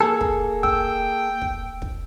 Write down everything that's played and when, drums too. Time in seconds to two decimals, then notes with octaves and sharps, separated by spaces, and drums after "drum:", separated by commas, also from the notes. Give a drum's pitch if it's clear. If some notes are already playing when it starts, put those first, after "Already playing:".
0.01 A#3 G#4 A4
0.21 drum: kick
0.63 G5 E6, drum: kick
1.42 drum: kick
1.82 drum: kick